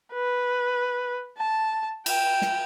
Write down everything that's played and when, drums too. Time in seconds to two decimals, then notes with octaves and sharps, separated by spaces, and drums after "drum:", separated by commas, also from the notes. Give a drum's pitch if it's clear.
0.13 B4
1.38 A5
2.06 G5, drum: cymbal
2.42 drum: snare